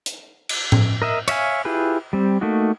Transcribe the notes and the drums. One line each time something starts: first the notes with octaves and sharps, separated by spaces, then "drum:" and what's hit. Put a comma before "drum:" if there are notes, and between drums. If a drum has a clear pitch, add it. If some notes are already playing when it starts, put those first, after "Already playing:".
drum: hi-hat
drum: cymbal
drum: tom A2
A#4 D#5 E5
C#5 E5 F5 G#5, drum: cymbal
E4 F4 G4 G#4 B4
G3 C4
A3 A#3 D#4 F#4